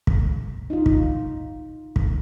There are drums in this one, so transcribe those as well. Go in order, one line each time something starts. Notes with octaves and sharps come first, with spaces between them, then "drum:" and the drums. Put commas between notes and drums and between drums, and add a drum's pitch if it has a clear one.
drum: kick
D#4 F4
drum: kick
drum: kick